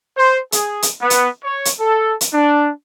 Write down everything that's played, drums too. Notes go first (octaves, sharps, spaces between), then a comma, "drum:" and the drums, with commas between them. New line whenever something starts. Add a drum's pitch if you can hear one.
C5
G#4, drum: hi-hat
drum: hi-hat
B3
drum: hi-hat
C#5
drum: hi-hat
A4
drum: hi-hat
D4